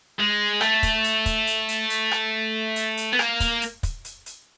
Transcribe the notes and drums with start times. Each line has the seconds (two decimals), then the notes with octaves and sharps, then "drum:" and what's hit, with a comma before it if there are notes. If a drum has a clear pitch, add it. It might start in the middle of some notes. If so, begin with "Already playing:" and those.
0.19 G#3
0.61 A3, drum: rim click
0.83 drum: kick, hi-hat
1.04 drum: hi-hat
1.26 drum: kick, hi-hat
1.47 drum: hi-hat
1.69 drum: hi-hat
1.90 drum: hi-hat
2.12 drum: rim click
2.76 drum: hi-hat
2.97 drum: hi-hat
3.13 B3
3.19 A#3, drum: rim click
3.40 drum: kick, hi-hat
3.62 drum: hi-hat
3.83 drum: kick, hi-hat
4.05 drum: hi-hat
4.26 drum: hi-hat